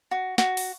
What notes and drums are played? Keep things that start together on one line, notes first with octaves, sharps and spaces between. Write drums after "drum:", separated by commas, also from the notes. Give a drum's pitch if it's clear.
F#4
F#4, drum: snare
drum: open hi-hat